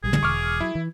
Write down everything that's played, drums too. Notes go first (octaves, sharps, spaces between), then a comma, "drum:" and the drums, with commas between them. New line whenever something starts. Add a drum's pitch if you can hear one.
A#1 G3 G#4
drum: tom
E1 C#6 D6 F6
F#3 E4
E3